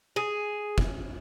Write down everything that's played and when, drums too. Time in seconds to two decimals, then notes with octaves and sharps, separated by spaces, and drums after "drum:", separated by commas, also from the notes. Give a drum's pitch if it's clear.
0.16 G#4
0.78 drum: kick